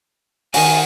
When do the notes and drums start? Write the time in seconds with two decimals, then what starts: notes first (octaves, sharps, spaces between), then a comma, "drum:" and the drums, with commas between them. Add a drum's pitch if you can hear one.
0.54 D#3 F#4 G#5, drum: open hi-hat